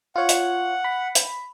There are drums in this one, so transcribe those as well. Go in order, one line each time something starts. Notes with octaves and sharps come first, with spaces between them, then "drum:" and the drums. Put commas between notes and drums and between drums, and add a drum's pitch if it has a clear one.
F4 C#5 F#5
drum: hi-hat
B5
drum: hi-hat